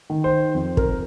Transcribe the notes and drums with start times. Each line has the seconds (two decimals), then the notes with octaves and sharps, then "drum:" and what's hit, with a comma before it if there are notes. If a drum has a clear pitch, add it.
0.10 D#3
0.24 C5
0.55 F2
0.77 A#4, drum: kick